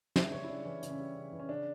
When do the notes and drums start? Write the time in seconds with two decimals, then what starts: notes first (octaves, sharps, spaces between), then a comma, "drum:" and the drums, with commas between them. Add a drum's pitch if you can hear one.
0.16 C#3 E5, drum: snare
0.32 G3 C#5
0.44 E4
0.49 C#3 D4
0.65 E3 C#4
0.83 C#3, drum: hi-hat
0.90 C#4
1.00 G3
1.16 C#3
1.33 E3
1.40 C#4
1.49 C#3 D4